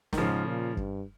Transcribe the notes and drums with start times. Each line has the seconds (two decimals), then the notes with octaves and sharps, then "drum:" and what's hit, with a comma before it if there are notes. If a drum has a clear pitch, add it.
0.13 D#3, drum: snare
0.18 G#2 C#3 F3
0.47 A#2
0.77 G2, drum: kick